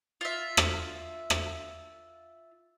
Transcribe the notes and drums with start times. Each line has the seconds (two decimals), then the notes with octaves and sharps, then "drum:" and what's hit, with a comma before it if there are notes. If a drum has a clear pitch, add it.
0.21 F4 E5
0.57 drum: rim click
1.30 drum: rim click